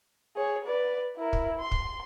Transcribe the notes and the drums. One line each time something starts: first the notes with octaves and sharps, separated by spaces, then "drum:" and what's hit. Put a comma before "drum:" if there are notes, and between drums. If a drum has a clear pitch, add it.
G#4 C#5
B4 D5
E4 A#4
drum: kick
C6
drum: kick